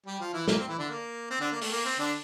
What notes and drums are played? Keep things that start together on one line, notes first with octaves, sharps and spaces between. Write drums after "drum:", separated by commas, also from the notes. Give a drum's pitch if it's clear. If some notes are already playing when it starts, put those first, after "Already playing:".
G3 G4
F3 F4
E3 E4
A#3, drum: snare
C4
E3 E4
D3 D4
A#3
C4
D3 D4
A#3
A3, drum: open hi-hat
A#3
C4
D3 D4